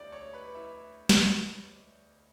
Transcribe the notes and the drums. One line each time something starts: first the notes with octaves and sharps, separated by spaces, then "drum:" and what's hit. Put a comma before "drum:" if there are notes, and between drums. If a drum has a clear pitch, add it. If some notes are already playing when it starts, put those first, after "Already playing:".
Already playing: D2 D5 D6
C#5 C#6
B4 B5
E4 E5
drum: snare